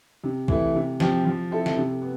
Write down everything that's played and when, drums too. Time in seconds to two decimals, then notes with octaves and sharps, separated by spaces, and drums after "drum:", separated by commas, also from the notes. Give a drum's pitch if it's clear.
0.24 C3
0.48 E3 A3 E4, drum: kick B1
0.75 C3
1.00 F3 C4 G4, drum: snare
1.25 F3
1.51 C4 E4 A4
1.66 drum: snare
1.77 C3
2.02 B3